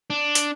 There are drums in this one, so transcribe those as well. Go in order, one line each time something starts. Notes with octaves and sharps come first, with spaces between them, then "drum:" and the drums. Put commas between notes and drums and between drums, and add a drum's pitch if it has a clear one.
D4
drum: hi-hat